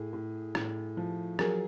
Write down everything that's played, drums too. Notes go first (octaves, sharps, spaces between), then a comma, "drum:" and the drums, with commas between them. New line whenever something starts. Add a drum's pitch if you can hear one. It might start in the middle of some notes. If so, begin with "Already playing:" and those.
Already playing: A2 G#4
A2
A2, drum: rim click
F3
F#3 G#4 A#4, drum: rim click